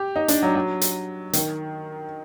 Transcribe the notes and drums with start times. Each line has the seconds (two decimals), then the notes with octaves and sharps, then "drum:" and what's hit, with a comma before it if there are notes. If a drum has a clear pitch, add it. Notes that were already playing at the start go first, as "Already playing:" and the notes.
Already playing: G4
0.16 D#4
0.28 D4, drum: hi-hat
0.43 F#3
0.55 F#3
0.82 drum: hi-hat
1.33 D#3, drum: hi-hat